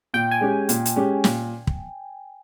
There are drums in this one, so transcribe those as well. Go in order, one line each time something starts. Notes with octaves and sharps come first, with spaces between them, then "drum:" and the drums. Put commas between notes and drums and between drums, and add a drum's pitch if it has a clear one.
A#2 G5
G#5
G#3 C#4 G4
A#2, drum: hi-hat
drum: hi-hat
G#3 C#4 G4
A#2, drum: snare
drum: kick